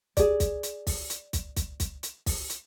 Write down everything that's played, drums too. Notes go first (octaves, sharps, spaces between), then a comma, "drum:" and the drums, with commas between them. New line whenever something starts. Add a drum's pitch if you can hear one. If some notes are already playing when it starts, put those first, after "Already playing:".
G#4 D5, drum: kick, hi-hat
drum: kick, hi-hat
drum: hi-hat
drum: kick, open hi-hat
drum: hi-hat
drum: kick, hi-hat
drum: kick, hi-hat
drum: kick, hi-hat
drum: hi-hat
drum: kick, open hi-hat
drum: hi-hat